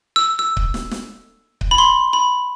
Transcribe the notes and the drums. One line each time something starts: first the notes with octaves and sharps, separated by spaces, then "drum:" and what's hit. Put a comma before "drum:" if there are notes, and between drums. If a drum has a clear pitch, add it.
E6
E6
drum: kick C#1
drum: snare
drum: snare
drum: kick C#1
B5
C6
B5